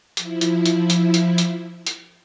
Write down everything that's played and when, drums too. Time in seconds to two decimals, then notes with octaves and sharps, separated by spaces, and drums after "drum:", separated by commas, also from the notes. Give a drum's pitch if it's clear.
0.17 F3 E4, drum: hi-hat
0.41 drum: hi-hat
0.66 drum: hi-hat
0.90 drum: hi-hat
1.14 drum: hi-hat
1.38 drum: hi-hat
1.87 drum: hi-hat